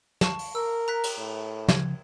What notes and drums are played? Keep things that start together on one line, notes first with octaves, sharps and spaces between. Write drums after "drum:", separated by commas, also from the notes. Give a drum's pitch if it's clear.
A5 C#6, drum: snare
drum: open hi-hat
A#4 E6
A#5 F#6 B6
drum: cymbal
A2
C#3 F3 G#6, drum: snare